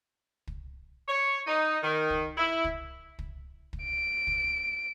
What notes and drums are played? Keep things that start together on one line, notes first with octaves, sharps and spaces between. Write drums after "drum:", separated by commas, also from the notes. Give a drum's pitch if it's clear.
drum: kick
C#5
D#4
D#3
drum: kick
E4
drum: kick
drum: kick
drum: kick
D7
drum: kick